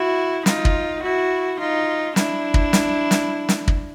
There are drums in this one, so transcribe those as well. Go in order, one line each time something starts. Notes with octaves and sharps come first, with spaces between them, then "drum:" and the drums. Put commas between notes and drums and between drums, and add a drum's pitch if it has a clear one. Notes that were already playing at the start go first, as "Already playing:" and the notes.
Already playing: E4 F#4
D#4 F4, drum: snare
drum: kick
E4 F#4
D#4 F4
D4 E4, drum: snare
drum: kick
drum: snare
drum: snare
drum: snare
drum: kick